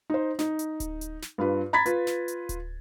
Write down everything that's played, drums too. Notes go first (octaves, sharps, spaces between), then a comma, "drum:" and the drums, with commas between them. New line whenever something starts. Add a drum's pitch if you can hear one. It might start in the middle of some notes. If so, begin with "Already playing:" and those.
D#4 C5
D#4, drum: snare
drum: hi-hat
drum: kick D1, hi-hat
drum: hi-hat
drum: snare
G2 F4 B4
A#5 B5 G#6 A6 B6
F4 B4, drum: hi-hat
drum: snare
drum: hi-hat
drum: kick D1, hi-hat